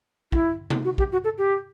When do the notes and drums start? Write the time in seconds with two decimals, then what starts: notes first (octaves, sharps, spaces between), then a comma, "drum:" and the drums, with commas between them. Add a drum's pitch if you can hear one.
0.32 E4, drum: kick
0.70 drum: tom C3
0.85 F#4
0.98 G4, drum: kick
1.12 F#4
1.24 A4
1.38 G4